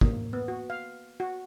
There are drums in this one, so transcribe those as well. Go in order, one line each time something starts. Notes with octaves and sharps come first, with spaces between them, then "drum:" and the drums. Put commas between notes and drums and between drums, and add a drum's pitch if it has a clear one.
A#3, drum: kick
B3
F#4
F5
F#4